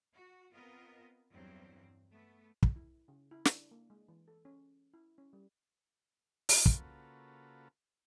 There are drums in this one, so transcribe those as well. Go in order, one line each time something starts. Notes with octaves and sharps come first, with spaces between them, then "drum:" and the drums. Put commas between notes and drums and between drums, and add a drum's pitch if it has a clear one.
F#4
B3 C4 F4 A#4 D#5
E2 G2 F#3 G3 C4
A3 B3
drum: kick
E4
C#3
E4
D4, drum: snare
A#3
G#3
E3
A4
C#4
E4
C#4
G3
drum: open hi-hat
C#3 A#3 F4 F#4 A4 B4, drum: kick